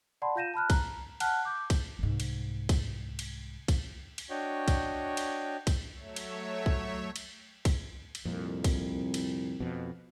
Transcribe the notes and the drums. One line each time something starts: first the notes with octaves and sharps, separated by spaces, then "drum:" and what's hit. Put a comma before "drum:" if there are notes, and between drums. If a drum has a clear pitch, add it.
D5 F#5 A5 B5 C6
F4 F5 G6 A#6 D#7 E7
A5 B5 F6 F#6
A#5, drum: kick B1, cymbal
F#5 A5 F6 F#6, drum: cymbal
D6 G6
drum: kick B1, cymbal
C2 G#2
drum: cymbal
drum: kick B1, cymbal
drum: cymbal
drum: kick B1, cymbal
drum: cymbal
D4 F#4 C#5 D#5 G5
drum: kick B1, cymbal
drum: cymbal
drum: kick B1, cymbal
F#3 A3 C#5 E5
drum: cymbal
drum: kick B1
drum: cymbal
drum: kick B1, cymbal
drum: cymbal
C2 F2 A#2
drum: kick B1, cymbal
drum: cymbal
F2 B2